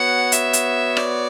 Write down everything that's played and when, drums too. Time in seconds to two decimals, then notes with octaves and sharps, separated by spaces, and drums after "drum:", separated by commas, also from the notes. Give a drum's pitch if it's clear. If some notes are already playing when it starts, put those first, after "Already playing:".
Already playing: B3 F#4 C#5 F#5
0.32 E5, drum: hi-hat
0.53 drum: hi-hat
0.97 D5, drum: rim click